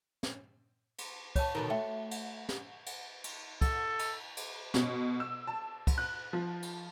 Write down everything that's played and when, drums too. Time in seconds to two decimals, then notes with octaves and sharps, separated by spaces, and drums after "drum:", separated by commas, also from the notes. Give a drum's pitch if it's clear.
0.23 drum: snare
0.98 drum: cymbal
1.36 C#5 A5, drum: kick, cymbal
1.55 B2 D3 D#3
1.70 A3 F#4 E5 G5
2.11 drum: cymbal
2.49 drum: snare
2.86 drum: cymbal
3.24 drum: cymbal
3.61 A4, drum: kick, cymbal
3.99 drum: cymbal
4.37 drum: cymbal
4.74 B2, drum: snare
5.20 E6
5.47 A5
5.87 drum: kick, cymbal
5.98 F#6
6.33 F3
6.62 drum: cymbal